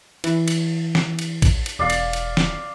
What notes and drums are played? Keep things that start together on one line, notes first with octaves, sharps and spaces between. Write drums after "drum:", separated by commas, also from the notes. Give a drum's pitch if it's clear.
E3, drum: cymbal
drum: cymbal
drum: snare
drum: cymbal
drum: kick, cymbal
drum: cymbal
E1 D5 F5
drum: cymbal
drum: cymbal
drum: snare